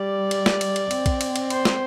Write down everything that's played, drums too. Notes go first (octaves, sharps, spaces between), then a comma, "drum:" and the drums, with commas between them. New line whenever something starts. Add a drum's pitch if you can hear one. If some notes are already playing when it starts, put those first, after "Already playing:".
Already playing: G3 D5
drum: cymbal
drum: snare
drum: cymbal
drum: cymbal
C4, drum: cymbal
drum: kick, cymbal
drum: cymbal
drum: cymbal
C5, drum: cymbal
drum: snare